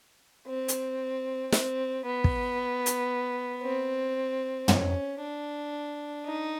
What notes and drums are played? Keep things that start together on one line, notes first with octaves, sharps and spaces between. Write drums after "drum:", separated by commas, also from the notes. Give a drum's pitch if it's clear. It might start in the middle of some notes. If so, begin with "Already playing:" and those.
C4
drum: hi-hat
C4, drum: snare
B3
drum: kick
drum: hi-hat
C4
C#4, drum: tom
D4
D#4